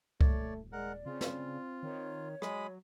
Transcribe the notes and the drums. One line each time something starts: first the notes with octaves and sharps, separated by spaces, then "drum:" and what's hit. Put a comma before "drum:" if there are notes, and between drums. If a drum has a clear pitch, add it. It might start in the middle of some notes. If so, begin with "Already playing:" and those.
D#1 A3 C#5 D5, drum: kick C2
G#3 A#4 D5 F#5
C#3 C4 F4
drum: snare
D#3 C#5
F#3 G#3 B5 D#6, drum: rim click